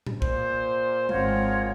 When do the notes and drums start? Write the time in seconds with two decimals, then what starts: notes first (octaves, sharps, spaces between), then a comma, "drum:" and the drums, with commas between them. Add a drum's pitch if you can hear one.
0.06 drum: tom A2
0.22 A#2 C5, drum: kick
1.09 G#1 G#3 C4 F4 A#4 C#5 F#5, drum: tom G#3